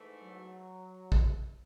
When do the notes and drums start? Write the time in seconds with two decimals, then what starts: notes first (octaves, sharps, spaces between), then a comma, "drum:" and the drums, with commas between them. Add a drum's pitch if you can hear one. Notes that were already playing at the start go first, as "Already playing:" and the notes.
Already playing: G#2 E3 A3
0.22 F#3
1.12 drum: kick